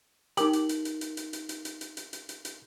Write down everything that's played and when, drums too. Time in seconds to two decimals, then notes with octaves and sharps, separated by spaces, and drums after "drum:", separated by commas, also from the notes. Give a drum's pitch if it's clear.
0.37 D#4 G4 A#4 F#7, drum: hi-hat
0.53 drum: hi-hat
0.69 drum: hi-hat
0.85 drum: hi-hat
1.01 drum: hi-hat
1.17 drum: hi-hat
1.33 drum: hi-hat
1.49 drum: hi-hat
1.65 drum: hi-hat
1.81 drum: hi-hat
1.97 drum: hi-hat
2.13 drum: hi-hat
2.29 drum: hi-hat
2.45 drum: hi-hat